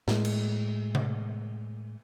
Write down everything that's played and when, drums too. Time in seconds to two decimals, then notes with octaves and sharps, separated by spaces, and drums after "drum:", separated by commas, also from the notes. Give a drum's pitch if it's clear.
0.08 A2 G#3, drum: snare
0.25 drum: cymbal
0.95 drum: tom C3